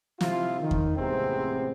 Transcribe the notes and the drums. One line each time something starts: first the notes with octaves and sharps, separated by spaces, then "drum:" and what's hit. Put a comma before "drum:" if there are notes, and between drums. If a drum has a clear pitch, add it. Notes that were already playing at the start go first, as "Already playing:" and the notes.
C3 F3 E4 F4, drum: snare
D#3
drum: kick E2
A1 C3 G#3 B3 C4